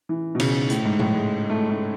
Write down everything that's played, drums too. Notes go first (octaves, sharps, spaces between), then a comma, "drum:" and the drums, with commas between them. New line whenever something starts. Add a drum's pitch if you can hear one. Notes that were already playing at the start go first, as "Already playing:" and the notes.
E3
B2
C#3, drum: cymbal
A2, drum: hi-hat
G#2
A2, drum: tom A#2
G#3
A3
A3